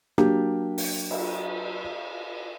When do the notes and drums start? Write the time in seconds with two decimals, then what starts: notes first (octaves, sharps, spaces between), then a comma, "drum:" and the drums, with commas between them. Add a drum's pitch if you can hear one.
0.18 F#3 A#3 D4 G4, drum: rim click
0.78 drum: open hi-hat
1.11 drum: cymbal